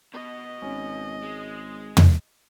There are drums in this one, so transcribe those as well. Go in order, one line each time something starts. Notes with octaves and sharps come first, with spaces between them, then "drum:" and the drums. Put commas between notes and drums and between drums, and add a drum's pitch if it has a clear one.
B2 D#5
G#1 C#4
G#3
drum: tom